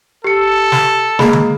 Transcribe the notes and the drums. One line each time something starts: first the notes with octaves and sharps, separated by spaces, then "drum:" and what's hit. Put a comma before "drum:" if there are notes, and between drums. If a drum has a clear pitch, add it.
G4 A4 C#7
drum: snare
G#3 A#3 B5, drum: snare
drum: tom D3